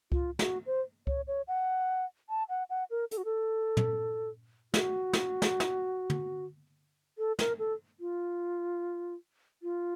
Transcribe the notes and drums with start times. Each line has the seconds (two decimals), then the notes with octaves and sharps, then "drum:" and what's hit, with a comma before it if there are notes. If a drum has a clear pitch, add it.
0.12 F4, drum: kick C#2
0.39 F#4, drum: snare
0.66 C5
1.07 C#5, drum: kick C#2
1.27 C#5
1.48 F#5
2.29 A5
2.49 F#5
2.70 F#5
2.91 A#4
3.11 A4, drum: hi-hat
3.17 F#4
3.25 A4
3.77 drum: tom
4.74 F#4, drum: snare
5.13 drum: snare
5.42 drum: snare
5.60 drum: snare
6.10 drum: tom
7.18 A4
7.39 A#4, drum: snare
7.59 A4
8.00 F4
9.63 F4